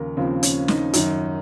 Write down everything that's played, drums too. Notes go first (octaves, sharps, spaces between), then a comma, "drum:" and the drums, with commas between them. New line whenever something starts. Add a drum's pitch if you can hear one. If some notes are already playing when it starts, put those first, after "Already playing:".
Already playing: D#2 C#3 F3 A#4
D#2 C#3 F3 C4
C#4, drum: hi-hat
D#4, drum: snare
F#2 D#3, drum: hi-hat